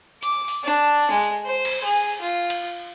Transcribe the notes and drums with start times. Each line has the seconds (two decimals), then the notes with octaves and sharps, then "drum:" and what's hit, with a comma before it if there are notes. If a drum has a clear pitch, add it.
0.23 D6, drum: hi-hat
0.48 drum: open hi-hat
0.64 D4
1.11 G#3
1.23 drum: hi-hat
1.45 C5
1.65 drum: cymbal
1.84 G#4
2.22 F4
2.50 drum: cymbal